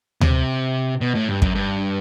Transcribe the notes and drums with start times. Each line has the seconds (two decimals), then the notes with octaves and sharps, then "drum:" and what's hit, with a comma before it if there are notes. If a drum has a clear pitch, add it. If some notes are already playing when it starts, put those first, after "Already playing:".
0.21 C3, drum: tom D2
1.01 B2
1.15 A2
1.28 G2
1.42 F#2, drum: kick
1.55 G2